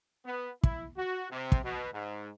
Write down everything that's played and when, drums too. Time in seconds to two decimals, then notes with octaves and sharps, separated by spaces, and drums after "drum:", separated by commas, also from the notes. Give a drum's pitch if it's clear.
0.25 B3
0.63 E4, drum: kick
0.97 F#4
1.31 C3
1.52 drum: kick
1.64 B2
1.93 G#2